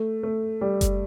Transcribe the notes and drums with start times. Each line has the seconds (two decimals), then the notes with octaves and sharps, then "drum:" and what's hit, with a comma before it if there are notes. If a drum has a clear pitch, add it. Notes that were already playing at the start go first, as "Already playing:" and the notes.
Already playing: A3
0.23 A3
0.61 G3
0.81 drum: kick F#1, hi-hat